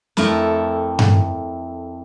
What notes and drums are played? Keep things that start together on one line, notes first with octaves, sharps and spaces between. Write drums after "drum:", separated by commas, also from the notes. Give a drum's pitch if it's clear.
F2 A3 E4 A4 A#4, drum: snare
drum: tom G2